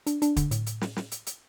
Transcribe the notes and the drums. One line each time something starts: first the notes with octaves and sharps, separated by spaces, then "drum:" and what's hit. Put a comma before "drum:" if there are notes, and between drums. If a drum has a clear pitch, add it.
D4, drum: hi-hat
D4, drum: hi-hat
D3, drum: kick, hi-hat
A2, drum: hi-hat
drum: hi-hat
drum: snare
drum: snare
drum: hi-hat
drum: hi-hat